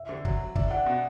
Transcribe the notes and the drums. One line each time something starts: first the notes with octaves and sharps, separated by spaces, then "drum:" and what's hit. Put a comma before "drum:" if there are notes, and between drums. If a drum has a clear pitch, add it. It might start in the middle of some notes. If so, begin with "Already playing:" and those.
Already playing: E5
D3
F#3, drum: kick
F#3
D4 E5, drum: kick
D4 F#5
B2